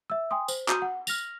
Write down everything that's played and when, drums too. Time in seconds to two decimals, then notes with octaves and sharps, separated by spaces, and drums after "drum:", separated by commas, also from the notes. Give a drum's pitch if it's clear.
0.10 E5 E6
0.31 G5 G#5 C6 D#6
0.48 C5, drum: tambourine
0.68 F#4 A#5 D#6 G6 D#7, drum: clap
0.82 F#5
1.07 F6 A#6 F7, drum: tambourine